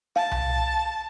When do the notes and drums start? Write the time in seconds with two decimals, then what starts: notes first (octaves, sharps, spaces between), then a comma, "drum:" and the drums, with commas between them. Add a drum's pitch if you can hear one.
0.16 F5 A5
0.31 drum: tom C2